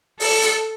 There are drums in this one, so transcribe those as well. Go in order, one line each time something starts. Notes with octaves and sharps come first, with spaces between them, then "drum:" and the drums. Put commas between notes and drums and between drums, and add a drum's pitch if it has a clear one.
A4, drum: open hi-hat
drum: hi-hat